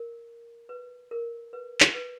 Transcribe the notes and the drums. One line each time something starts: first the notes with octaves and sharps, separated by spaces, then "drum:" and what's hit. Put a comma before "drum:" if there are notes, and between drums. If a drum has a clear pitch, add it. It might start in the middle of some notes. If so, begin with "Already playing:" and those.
Already playing: A#4
B4
A#4
B4
drum: clap
B4